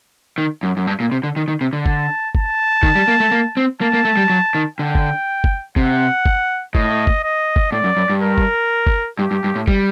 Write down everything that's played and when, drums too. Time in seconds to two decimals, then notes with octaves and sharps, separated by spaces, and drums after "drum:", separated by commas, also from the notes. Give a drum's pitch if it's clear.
0.38 D#3
0.63 F#2
0.77 F#2
0.87 G2
1.00 A#2
1.12 C3
1.23 D3
1.36 D#3
1.48 D#3
1.61 C3
1.73 D3
1.86 A5, drum: kick G1
2.35 A5, drum: kick G1
2.83 D#3, drum: kick G1
2.95 G3
3.08 A#3
3.20 A3
3.31 A#3
3.57 C4
3.81 A#3 A5
3.94 A#3
4.05 A3
4.17 G3
4.30 F#3
4.55 D#3
4.78 D3 G5
4.95 drum: kick G1
5.44 drum: kick G1
5.76 C3 F#5, drum: kick G1
6.26 drum: kick G1
6.75 A2 D#5, drum: kick G1
7.07 drum: kick G1
7.23 D#5
7.56 drum: kick G1
7.72 A2 D5
7.84 F#2
7.97 F#2
8.09 G2
8.22 A#4
8.38 drum: kick G1
8.87 drum: kick G1
9.19 G2 G4
9.31 G2
9.44 G2
9.55 A2
9.68 G3, drum: kick G1